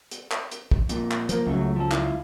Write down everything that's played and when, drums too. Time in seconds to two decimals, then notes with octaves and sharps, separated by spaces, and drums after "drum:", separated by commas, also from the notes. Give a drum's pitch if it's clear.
0.11 drum: hi-hat
0.31 drum: clap
0.51 drum: hi-hat
0.71 drum: kick
0.89 F2 A#2, drum: hi-hat
1.11 drum: clap
1.29 F3 A#3, drum: hi-hat
1.47 C#2 F#2 F#3 A3
1.76 F3 A4
1.92 E4 F4, drum: clap